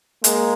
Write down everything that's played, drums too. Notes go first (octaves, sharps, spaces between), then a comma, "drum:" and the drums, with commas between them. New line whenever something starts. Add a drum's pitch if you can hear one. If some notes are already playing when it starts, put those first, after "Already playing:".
G#3 A#3, drum: hi-hat